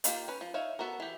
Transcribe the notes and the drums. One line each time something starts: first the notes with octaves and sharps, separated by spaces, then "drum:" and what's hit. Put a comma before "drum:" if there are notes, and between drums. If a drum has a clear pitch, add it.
D#3 A#3 F4 G4, drum: hi-hat
C#4 B4
F3
D#4 C#5 E5 F5
B3 F#4 A4 A#4
E3 G4